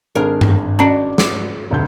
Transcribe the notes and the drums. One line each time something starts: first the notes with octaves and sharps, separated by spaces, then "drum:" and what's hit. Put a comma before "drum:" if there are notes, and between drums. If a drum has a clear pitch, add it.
G#1 D4 G#4 A#4
drum: tom G2
C#4 F#4 D5 A5
D6, drum: snare
F1 D2 G6